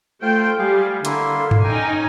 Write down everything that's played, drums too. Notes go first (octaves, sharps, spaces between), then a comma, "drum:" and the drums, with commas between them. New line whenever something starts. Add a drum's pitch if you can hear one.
A3 F4 C5 G5
G3 G#4 F5
D3 A#3 E4 C6, drum: hi-hat
drum: tom G2
C#4 D#4 G5 G#5 A#5